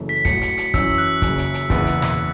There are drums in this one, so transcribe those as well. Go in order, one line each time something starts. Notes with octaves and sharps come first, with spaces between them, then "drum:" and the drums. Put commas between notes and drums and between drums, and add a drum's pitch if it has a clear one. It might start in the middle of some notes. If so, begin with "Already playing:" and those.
Already playing: F#1 F#2 E3 A3
B6
A1 A2 F#3 C#7, drum: kick, hi-hat
drum: hi-hat
drum: hi-hat
F#2 E3 C#4 E6, drum: kick, hi-hat
F#6
F#1 F#2 C#3, drum: kick, hi-hat
drum: hi-hat
drum: hi-hat
F#1 E2 E3 B3, drum: kick, hi-hat
drum: hi-hat
drum: snare